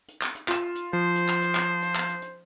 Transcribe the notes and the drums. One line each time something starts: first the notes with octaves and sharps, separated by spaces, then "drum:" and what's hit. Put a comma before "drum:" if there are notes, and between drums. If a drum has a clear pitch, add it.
drum: hi-hat
drum: clap
drum: hi-hat
F4 E7, drum: clap
drum: hi-hat
F3 C5
drum: hi-hat
drum: clap
drum: hi-hat
drum: clap
drum: hi-hat
drum: clap
drum: hi-hat
drum: hi-hat